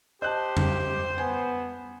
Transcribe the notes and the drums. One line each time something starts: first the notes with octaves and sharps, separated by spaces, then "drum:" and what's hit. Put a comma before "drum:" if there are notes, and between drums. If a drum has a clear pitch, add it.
G4 C5 D#5 A5 F#6 G6
drum: tom F2
B3 G#5